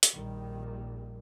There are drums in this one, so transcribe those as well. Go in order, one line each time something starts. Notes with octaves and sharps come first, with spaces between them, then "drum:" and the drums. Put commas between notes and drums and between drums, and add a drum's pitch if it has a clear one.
drum: hi-hat
A#1 A#2 D#3 G3